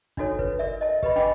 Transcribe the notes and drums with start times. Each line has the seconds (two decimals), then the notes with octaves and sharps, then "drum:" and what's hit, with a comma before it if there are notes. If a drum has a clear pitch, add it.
0.17 D4 D#4 F#4 A4 C#5, drum: kick
0.39 B4, drum: kick
0.59 A#4 D5 E5
0.81 D#5 A5
1.03 G4 B4 D#5 B5, drum: kick
1.16 D4 D#5 G5 B5 D6